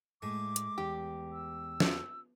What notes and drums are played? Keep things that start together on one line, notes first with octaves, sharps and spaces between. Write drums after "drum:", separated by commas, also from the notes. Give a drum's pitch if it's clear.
A2 G#3 A3 D6
drum: hi-hat
E2 G4
E6
drum: snare